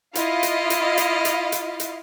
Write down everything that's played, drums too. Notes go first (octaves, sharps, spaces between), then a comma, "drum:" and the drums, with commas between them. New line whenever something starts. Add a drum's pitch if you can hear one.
E4 F4 D#5 F5, drum: hi-hat
drum: hi-hat
drum: hi-hat
drum: hi-hat
drum: hi-hat
drum: hi-hat
drum: hi-hat